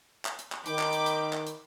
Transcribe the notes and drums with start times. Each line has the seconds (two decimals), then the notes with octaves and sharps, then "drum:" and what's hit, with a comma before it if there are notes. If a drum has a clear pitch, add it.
0.25 drum: clap
0.39 drum: hi-hat
0.52 drum: clap
0.66 D#3 B5 D6 G6, drum: hi-hat
0.79 drum: clap
0.92 drum: hi-hat
1.06 drum: hi-hat
1.33 drum: clap
1.46 drum: hi-hat